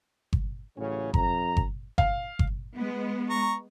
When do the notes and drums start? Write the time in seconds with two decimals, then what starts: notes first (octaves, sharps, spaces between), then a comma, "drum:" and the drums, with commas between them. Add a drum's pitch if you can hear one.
0.33 drum: kick G1
0.77 A1 A2 C#3 F#3 C#4 C#5
1.14 F2 A#5, drum: kick G1
1.57 drum: kick G1
1.98 F5, drum: kick G1
2.39 drum: kick G1
2.74 G#3 B3
3.30 A#5 C#6